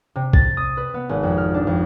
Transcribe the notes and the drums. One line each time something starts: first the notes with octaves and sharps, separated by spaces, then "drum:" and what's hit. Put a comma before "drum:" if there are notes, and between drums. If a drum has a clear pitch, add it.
C3
A6, drum: kick
D#6
B4
B3
G#1
F2
F6
D4
F2